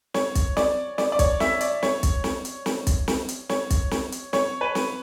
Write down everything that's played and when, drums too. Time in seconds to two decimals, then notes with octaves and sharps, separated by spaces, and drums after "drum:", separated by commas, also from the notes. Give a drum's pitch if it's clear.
0.14 C#5, drum: snare
0.35 drum: kick, hi-hat
0.57 D5, drum: snare
0.98 D5, drum: snare
1.12 D5
1.19 C#5, drum: kick, hi-hat
1.40 E5, drum: snare
1.61 D5, drum: hi-hat
1.83 C#5, drum: snare
2.03 drum: kick, hi-hat
2.24 drum: snare
2.45 drum: hi-hat
2.66 drum: snare
2.87 drum: kick, hi-hat
3.08 drum: snare
3.29 drum: hi-hat
3.49 C#5, drum: snare
3.70 drum: kick, hi-hat
3.91 drum: snare
4.12 drum: hi-hat
4.33 C#5, drum: snare
4.61 B4
4.75 drum: snare